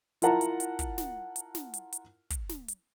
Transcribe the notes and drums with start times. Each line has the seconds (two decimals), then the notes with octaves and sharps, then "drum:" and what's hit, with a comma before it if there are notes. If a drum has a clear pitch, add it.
0.22 E4 F4 A#4 F#5 A5 A#5, drum: hi-hat
0.41 drum: hi-hat
0.60 drum: hi-hat
0.79 drum: kick, hi-hat
0.98 drum: snare
1.36 drum: hi-hat
1.55 drum: snare
1.74 drum: hi-hat
1.93 drum: hi-hat
2.30 drum: kick, hi-hat
2.49 drum: snare
2.68 drum: hi-hat